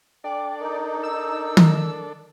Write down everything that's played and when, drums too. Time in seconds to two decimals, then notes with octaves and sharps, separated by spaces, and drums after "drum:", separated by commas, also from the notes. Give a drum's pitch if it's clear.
0.24 D4 A4 D5 G5
0.60 D#4 A#4
1.03 E6
1.57 drum: tom D#3